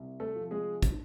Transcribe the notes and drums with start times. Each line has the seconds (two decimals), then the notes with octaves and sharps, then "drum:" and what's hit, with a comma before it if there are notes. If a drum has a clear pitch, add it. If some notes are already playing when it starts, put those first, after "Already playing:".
Already playing: C2
0.20 A3 A4
0.36 C3 F3
0.51 G#3 G#4
0.83 drum: kick, hi-hat